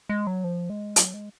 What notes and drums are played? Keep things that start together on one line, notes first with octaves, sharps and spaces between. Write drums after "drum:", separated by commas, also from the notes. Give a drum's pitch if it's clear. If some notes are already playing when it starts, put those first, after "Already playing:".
G#3
F#3
F3
G#3
F#3, drum: hi-hat
G#3